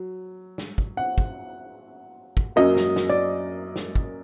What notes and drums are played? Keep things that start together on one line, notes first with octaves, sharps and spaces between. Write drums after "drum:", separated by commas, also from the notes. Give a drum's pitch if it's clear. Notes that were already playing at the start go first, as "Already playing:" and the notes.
Already playing: F#3
drum: snare
drum: kick
F#5
drum: kick
drum: kick
F#2 F#3 A#3 D#5
drum: snare
drum: snare
D5
drum: snare
drum: kick